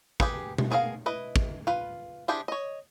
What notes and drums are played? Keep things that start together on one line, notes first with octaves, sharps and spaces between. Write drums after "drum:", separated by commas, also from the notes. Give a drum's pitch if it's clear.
G4 G#4 B4, drum: kick
drum: tom B2
B3 G#4 A#4 D#5 F5
E4 B4 D#5
drum: kick
F4 B4
D4 E4 G4 G#4 C5
C#5 D#5